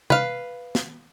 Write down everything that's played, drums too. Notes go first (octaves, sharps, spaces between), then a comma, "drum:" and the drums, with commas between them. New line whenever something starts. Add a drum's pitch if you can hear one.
B4 F5, drum: tom C3
drum: snare